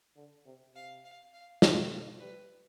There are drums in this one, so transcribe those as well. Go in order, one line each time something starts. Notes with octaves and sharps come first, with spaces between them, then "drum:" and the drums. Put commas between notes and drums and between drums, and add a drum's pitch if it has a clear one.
D3
C3
C3 F5
F5
F5
E3 E5, drum: snare
F3
G3 B4